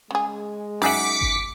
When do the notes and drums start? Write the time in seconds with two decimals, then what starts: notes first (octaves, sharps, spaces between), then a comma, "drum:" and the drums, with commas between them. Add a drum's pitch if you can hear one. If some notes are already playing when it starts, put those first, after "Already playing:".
0.11 C#3 G#3 G#4
0.82 F#2 D#4 G#4 E5 F#5 D6 B6 C#7
1.21 drum: kick G1